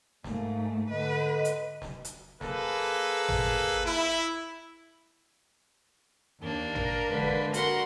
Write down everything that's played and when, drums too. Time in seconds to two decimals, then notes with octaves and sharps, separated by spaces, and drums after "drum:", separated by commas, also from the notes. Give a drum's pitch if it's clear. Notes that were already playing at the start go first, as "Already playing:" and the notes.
0.24 G#2 A3 A#3, drum: snare
0.90 D3 B4 D#5
1.45 drum: hi-hat
1.82 drum: snare
2.05 drum: hi-hat
2.41 A#3 G#4 A4 B4, drum: snare
3.28 drum: tom G#1
3.85 E4
6.43 D#2 A#3 D4
6.75 A#4, drum: tom G#1
7.09 D3 G#3 B4
7.54 F#4 A#4 F#5 C6, drum: hi-hat